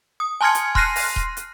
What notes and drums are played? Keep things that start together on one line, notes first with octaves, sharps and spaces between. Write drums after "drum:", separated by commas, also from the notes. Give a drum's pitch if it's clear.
D#6
G#5 A5 C6 F6 G#6 C#7
drum: hi-hat
C6 F6 F#6 A#6 C7 D#7, drum: kick D#1
drum: open hi-hat
drum: kick D#1
drum: hi-hat